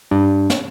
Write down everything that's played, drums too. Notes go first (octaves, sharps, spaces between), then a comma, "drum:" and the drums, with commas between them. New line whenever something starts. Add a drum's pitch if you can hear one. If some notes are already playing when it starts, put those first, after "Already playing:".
G2
drum: snare